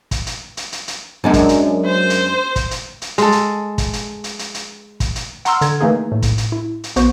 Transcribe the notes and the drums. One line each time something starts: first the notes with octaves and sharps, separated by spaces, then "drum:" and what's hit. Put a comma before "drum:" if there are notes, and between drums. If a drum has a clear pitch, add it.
drum: kick, hi-hat
drum: hi-hat
drum: hi-hat
drum: hi-hat
drum: hi-hat
F#2 G#3 D4
drum: kick, hi-hat
drum: hi-hat
C5
drum: hi-hat
drum: kick, hi-hat
drum: hi-hat
drum: hi-hat
G#3 A4, drum: hi-hat
drum: hi-hat
drum: kick, hi-hat
drum: hi-hat
drum: hi-hat
drum: hi-hat
drum: hi-hat
drum: kick, hi-hat
drum: hi-hat
F#5 A#5 C6 E6 F6, drum: hi-hat
D3 G#6, drum: hi-hat
E3 A3 A#3 D#4 G#4
A2
drum: kick, hi-hat
drum: hi-hat
E4
drum: hi-hat
A#1 B3 F#4 C5, drum: hi-hat